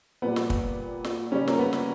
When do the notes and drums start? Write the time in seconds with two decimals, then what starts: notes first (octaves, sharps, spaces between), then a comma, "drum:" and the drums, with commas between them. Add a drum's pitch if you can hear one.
0.22 A#2 G3 B3
0.36 drum: snare
0.50 drum: kick
1.04 drum: snare
1.31 C#3 G3 C#4
1.48 A#3, drum: snare
1.59 B3
1.73 drum: snare